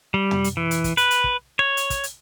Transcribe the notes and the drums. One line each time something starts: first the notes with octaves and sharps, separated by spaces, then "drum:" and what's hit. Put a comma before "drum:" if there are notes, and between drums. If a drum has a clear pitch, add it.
G3
drum: tom
drum: hi-hat
E3
drum: hi-hat
drum: kick, hi-hat
B4, drum: hi-hat
drum: hi-hat
drum: kick
C#5
drum: hi-hat
drum: kick, hi-hat
drum: hi-hat